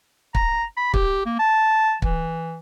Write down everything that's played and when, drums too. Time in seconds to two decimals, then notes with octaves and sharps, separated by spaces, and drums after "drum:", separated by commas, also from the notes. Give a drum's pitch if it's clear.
0.35 A#5, drum: kick
0.77 B5
0.94 G4, drum: kick
1.26 A#3
1.39 A5
2.02 E3, drum: kick